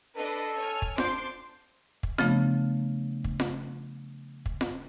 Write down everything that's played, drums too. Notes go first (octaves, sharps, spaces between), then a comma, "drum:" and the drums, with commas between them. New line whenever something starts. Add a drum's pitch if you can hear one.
D4 A4 B4 D#5
C#5 G#5 F6
drum: kick
D4 C5 C6 D6, drum: snare F4
drum: kick
C#3 F3 A3 B3 D4, drum: snare F4
drum: kick
drum: snare F4
drum: kick
drum: snare F4